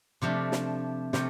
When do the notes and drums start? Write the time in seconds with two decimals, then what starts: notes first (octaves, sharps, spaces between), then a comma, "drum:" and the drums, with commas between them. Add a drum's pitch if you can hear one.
0.22 C3 F3 A3 D4
0.52 drum: snare
1.13 C3 F3 A3, drum: snare